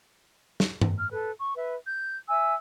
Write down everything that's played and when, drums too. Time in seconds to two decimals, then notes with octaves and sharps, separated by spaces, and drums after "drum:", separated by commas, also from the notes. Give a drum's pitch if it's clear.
0.60 drum: snare
0.81 drum: tom G2
0.98 F6
1.11 A4 B4
1.39 C#6
1.55 B4 E5
1.87 G6
2.29 E5 G#5 E6